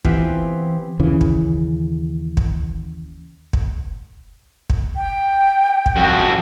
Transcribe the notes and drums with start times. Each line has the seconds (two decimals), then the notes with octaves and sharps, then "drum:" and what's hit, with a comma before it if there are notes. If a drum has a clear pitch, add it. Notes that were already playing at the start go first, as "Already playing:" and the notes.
0.05 E3 B3 C4 E4 F4 G4, drum: kick
0.99 D#2 C#3 E3
1.21 drum: kick
2.37 drum: kick
3.53 drum: kick
4.70 drum: kick
4.96 G5
5.86 drum: kick
5.96 F2 F#4